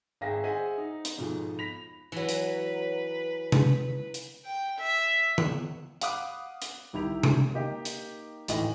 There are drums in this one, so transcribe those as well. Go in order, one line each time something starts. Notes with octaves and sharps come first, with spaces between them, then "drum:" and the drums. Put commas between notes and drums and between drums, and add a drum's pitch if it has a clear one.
G#1 G#4 E5 F5 G5 A#6
G#4 C5 D#5 E5 F#5 G#5
D#4
drum: hi-hat
F2 G#2 B2 F3
B5 A#6 B6 F7
E3 F#3 B4
drum: hi-hat
drum: tom C3
drum: hi-hat
G5
E5
drum: tom D#3
F5 F#5 B5 D6 D#6 F#6, drum: hi-hat
drum: hi-hat
C2 D#3 E4 G4 F7
drum: tom C3
A#3 D#4 G4 D#5 G5
drum: hi-hat
G#1 A2 E3 D#5 A#6 F#7, drum: hi-hat